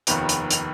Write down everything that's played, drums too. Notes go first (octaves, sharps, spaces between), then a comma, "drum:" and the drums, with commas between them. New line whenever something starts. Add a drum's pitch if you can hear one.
F1 D#2 D#3 B3, drum: hi-hat
drum: hi-hat
drum: hi-hat